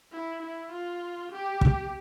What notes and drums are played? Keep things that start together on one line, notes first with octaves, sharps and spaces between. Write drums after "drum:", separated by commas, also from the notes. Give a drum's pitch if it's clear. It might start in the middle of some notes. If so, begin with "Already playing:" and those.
E4
E4
F4
G4
drum: kick